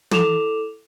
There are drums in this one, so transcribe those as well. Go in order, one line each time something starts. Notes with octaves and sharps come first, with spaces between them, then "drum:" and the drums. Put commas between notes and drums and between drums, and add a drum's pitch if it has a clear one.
E4 A4 D6 E7 F7, drum: tom